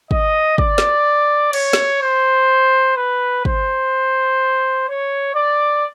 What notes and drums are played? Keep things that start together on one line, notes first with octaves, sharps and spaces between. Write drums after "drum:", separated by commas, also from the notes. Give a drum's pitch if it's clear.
D#5, drum: kick
D5, drum: kick
drum: snare
C#5, drum: cymbal
drum: snare
C5
B4
C5, drum: kick
C#5
D5